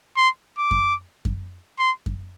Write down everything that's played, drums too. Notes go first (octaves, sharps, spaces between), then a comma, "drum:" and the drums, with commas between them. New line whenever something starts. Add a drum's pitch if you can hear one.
C6
D6
drum: kick F#2
drum: kick F#2
C6
drum: kick F#2